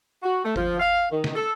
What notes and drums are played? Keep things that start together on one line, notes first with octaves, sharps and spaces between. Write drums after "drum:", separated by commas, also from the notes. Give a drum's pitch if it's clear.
F#4
A3
F3, drum: tom
F5
D#3
drum: snare
A4